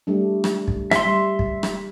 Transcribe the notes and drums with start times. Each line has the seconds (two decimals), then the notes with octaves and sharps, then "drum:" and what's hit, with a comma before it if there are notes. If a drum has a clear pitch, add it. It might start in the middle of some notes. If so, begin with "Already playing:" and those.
0.07 G3 A3 D4
0.44 drum: rim click
0.68 drum: kick
0.91 E5 C6, drum: rim click
1.05 G3
1.39 drum: kick
1.63 drum: rim click